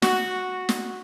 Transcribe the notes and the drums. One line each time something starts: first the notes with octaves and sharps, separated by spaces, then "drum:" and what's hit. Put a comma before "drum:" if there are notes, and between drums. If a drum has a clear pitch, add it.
F#4, drum: snare
drum: snare